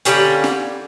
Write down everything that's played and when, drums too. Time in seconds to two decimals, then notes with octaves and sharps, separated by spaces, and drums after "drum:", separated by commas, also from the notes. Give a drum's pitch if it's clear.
0.05 D3 G3 A#3 C#4, drum: hi-hat
0.44 drum: snare